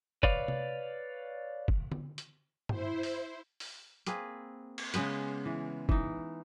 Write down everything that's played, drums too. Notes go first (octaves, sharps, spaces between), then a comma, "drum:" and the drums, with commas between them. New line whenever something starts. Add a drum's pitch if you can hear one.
B4 C#5 D5 F5, drum: kick
drum: tom C3
drum: kick
drum: tom D3
drum: hi-hat
E4 C5, drum: tom
drum: open hi-hat
drum: open hi-hat
A#3 C4 G#4 B4, drum: hi-hat
drum: cymbal
C#3 G#3 B3 B4, drum: hi-hat
E3
E3 D#4, drum: kick